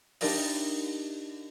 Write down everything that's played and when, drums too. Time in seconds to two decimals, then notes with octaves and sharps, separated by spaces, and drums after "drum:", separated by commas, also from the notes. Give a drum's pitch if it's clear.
0.21 D4 D#4 G4 A#4 D5 D#5, drum: open hi-hat